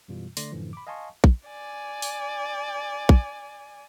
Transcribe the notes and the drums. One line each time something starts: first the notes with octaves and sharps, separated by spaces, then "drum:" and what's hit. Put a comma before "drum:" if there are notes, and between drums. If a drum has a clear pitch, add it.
F#2 B2 E3 G3 F4
D3 A3 D5 C6 A#6, drum: open hi-hat
F#2 A2 D3 E3 F3
B5 D6
D#5 F5 G#5 A5 C6 C#6
drum: kick
D5 G#5
drum: open hi-hat
drum: kick